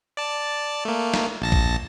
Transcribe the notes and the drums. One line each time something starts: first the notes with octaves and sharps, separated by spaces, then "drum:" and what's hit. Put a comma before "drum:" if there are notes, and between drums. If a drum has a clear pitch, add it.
D5 A5
A3 A#3
drum: snare
A#1 A5 A#6
drum: kick